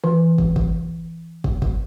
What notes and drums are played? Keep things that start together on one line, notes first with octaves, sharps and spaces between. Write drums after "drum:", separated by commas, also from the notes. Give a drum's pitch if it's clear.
E3
drum: kick
drum: kick
drum: kick
drum: kick